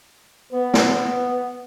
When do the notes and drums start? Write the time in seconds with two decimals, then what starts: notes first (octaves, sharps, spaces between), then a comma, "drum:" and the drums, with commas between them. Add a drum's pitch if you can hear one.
0.52 B3 B4
0.74 drum: snare